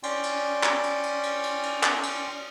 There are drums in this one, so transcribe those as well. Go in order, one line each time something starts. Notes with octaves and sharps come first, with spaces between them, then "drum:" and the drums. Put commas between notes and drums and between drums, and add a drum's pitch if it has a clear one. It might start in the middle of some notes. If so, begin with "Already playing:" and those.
C#4 D5 G5 C6, drum: cymbal
drum: cymbal
drum: clap
drum: cymbal
drum: cymbal
drum: cymbal
drum: cymbal
drum: cymbal
drum: clap
drum: cymbal